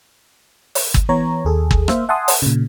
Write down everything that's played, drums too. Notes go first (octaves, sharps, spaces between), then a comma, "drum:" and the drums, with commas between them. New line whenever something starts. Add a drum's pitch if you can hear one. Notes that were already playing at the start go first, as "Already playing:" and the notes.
drum: open hi-hat
drum: kick G1
E3 B3 C#5 A#5
D#2 G#4 A4
drum: kick G1
A#3 C5 E5 F5, drum: rim click
E5 F#5 G#5 A5 C6 D#6
drum: open hi-hat
A#2 C#3